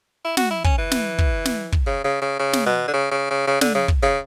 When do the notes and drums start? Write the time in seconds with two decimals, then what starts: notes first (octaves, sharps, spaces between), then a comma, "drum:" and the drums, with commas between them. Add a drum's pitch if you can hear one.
0.25 E4
0.37 F#4, drum: snare
0.50 E4
0.64 C#4, drum: kick
0.78 E3
0.91 drum: snare
1.18 drum: kick
1.45 drum: snare
1.72 drum: kick
1.86 C#3
2.04 C#3
2.22 C#3
2.39 C#3
2.53 drum: snare
2.66 B2
2.88 D3
2.93 C#3
3.11 C#3
3.30 C#3
3.47 C#3
3.61 D3, drum: snare
3.75 C#3
3.88 drum: kick
4.02 C#3